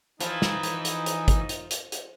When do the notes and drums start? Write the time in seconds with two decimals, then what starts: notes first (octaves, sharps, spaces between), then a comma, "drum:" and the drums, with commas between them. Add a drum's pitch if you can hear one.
0.20 E3 F3 D#4, drum: hi-hat
0.42 drum: snare
0.63 drum: hi-hat
0.85 drum: hi-hat
1.06 drum: hi-hat
1.28 drum: kick, hi-hat
1.49 drum: hi-hat
1.71 drum: hi-hat
1.92 drum: hi-hat